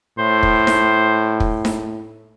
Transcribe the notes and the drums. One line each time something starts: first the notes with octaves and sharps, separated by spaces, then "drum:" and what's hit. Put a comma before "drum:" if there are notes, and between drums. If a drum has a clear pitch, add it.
A2 C5
drum: kick
drum: snare D#4
drum: kick
drum: snare D#4